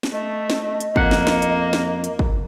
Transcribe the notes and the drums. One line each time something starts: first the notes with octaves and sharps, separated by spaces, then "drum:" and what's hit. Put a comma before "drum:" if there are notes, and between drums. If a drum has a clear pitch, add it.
drum: snare
A3 D#5
drum: snare
drum: hi-hat
F2 A#3 F#5, drum: kick
drum: snare
drum: snare
drum: hi-hat
drum: snare
drum: hi-hat
drum: kick